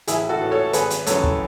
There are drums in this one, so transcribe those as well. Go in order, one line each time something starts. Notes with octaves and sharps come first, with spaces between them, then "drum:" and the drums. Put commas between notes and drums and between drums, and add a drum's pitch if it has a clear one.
A1 E4 G#4, drum: hi-hat
F#4 A4
A2 E3
A4 C#5
G#1 G#4 B4, drum: hi-hat
drum: hi-hat
F#2 E3 A4 C#5, drum: hi-hat
drum: kick